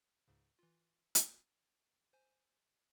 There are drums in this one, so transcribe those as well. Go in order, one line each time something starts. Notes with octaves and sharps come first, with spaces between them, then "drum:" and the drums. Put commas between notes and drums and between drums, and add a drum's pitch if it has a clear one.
C#2 G#2 C#3
E3 F4
drum: hi-hat
C5 G#5